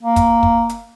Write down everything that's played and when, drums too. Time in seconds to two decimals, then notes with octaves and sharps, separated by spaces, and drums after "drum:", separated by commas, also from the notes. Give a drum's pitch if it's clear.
0.03 A#3
0.16 drum: kick, hi-hat
0.43 drum: kick
0.69 drum: hi-hat